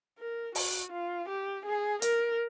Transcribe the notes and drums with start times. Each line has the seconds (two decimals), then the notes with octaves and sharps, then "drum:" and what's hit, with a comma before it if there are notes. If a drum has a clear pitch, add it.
0.18 A#4
0.55 F#4, drum: open hi-hat
0.92 F4
1.28 G4
1.65 G#4
2.02 A#4, drum: hi-hat